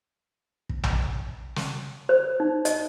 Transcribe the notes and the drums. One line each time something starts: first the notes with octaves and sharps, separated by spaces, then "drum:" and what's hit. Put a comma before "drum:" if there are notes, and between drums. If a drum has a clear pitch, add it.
drum: kick
drum: tom A#1
drum: snare
C5
D#4
D#5, drum: hi-hat